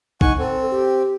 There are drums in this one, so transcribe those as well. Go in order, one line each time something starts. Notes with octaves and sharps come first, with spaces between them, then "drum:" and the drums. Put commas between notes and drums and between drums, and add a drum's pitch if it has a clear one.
D#4 F#5 G#5 C#6, drum: kick
C4 A4
G4